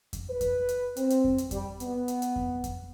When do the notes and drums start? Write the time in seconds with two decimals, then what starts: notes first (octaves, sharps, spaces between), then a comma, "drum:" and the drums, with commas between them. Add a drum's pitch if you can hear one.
0.13 drum: kick F2, hi-hat
0.30 B4
0.41 drum: kick F2, hi-hat
0.69 drum: hi-hat
0.97 C4, drum: hi-hat
1.10 drum: hi-hat
1.24 drum: kick F2
1.38 drum: hi-hat
1.51 G3, drum: kick F2, hi-hat
1.80 B3, drum: hi-hat
2.08 drum: hi-hat
2.22 drum: hi-hat
2.36 drum: kick F2
2.64 drum: kick F2, hi-hat